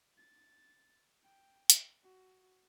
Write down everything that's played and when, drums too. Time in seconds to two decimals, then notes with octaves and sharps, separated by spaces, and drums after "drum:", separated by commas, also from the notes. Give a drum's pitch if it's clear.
0.17 A6
1.23 G5
1.70 drum: hi-hat
2.03 F#4